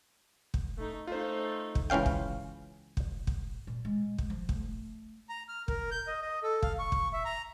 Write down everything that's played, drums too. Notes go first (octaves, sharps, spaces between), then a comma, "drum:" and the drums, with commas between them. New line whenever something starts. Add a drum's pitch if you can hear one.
drum: kick
A3 D#4
A3 D#4 F4 C5
drum: kick
C#2 E3 C#4 F5 G5
drum: kick
drum: kick
drum: kick
A#2
G#3
drum: kick
F3
A3, drum: kick
A#5
F6
A#4, drum: kick
G6
D#5
D#5
A4
F5, drum: kick
C#6
drum: kick
E5
A#5